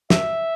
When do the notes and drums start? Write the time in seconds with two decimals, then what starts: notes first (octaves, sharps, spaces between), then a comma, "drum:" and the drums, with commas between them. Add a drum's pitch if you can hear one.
0.10 E5, drum: snare